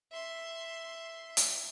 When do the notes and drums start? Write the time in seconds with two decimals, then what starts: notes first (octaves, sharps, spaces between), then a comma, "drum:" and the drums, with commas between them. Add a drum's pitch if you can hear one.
0.11 E5 C6
1.37 drum: hi-hat